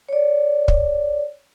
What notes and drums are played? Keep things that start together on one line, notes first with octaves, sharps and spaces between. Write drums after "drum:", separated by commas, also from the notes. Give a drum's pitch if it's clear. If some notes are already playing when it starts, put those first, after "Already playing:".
C#5 D5
drum: kick